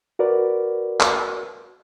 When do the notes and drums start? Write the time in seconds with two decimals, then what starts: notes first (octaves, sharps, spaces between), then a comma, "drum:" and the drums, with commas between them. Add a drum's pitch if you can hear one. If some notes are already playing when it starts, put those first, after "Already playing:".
0.19 F#4 A#4 B4 D5
1.00 drum: clap